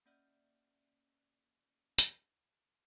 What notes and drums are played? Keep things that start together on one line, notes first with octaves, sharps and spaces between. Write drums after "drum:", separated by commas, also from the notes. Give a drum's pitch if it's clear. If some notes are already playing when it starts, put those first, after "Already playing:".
A#3 C#4 D5 E5 F6 G6
drum: hi-hat